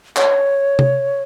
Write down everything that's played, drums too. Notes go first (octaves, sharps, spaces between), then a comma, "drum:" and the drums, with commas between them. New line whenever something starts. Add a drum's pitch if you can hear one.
C#5, drum: clap
drum: tom C3